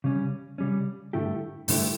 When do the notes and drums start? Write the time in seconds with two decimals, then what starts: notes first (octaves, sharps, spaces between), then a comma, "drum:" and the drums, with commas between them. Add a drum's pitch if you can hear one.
0.04 C#3 G3 C#4
0.58 C#3 G3 C#4
1.13 G2 D3 A3 E4 G4
1.68 G2 D3 A3 E4 G4, drum: open hi-hat